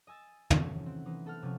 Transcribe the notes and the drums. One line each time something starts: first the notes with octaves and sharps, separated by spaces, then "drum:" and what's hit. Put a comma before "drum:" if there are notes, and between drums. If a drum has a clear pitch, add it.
D#5 G#5 E6 A6
C3 D#3 E3 F#3 A3 C#4, drum: tom
C4 F#5
E3 D#4 B4 C5
B3 A4 F#5 F6
C3 F3 C#4 F6